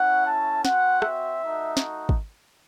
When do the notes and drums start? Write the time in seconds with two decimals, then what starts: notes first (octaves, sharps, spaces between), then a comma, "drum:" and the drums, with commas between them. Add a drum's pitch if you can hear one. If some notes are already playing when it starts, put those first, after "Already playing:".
Already playing: A3 C#4 E4 F#5
0.26 A5
0.65 C4 F#4 F#5, drum: snare
1.02 E5, drum: rim click
1.40 A3 D#4 F#4
1.77 drum: snare
2.09 drum: kick G#1